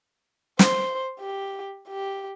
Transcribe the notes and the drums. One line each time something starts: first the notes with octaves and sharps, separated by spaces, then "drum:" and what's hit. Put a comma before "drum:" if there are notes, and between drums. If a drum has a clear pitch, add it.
C5, drum: snare
G4
G4